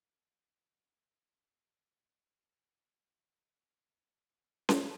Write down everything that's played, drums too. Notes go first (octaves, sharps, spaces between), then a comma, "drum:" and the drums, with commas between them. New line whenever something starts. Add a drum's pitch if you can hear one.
F2
C#5
A#2
D#3
F4
C4
D#3
B5
C#4
F3
C#4 D#4 E4 F#4 A#4 C6
drum: snare C#4